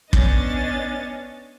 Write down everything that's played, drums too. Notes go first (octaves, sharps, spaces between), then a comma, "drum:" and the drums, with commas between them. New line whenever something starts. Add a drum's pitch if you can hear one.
B3 C#4 D4 D#5 A6, drum: kick